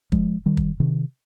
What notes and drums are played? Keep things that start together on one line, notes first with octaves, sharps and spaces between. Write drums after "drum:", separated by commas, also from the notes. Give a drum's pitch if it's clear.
F3 G#3, drum: kick
D#3 G3
drum: kick
C3 D#3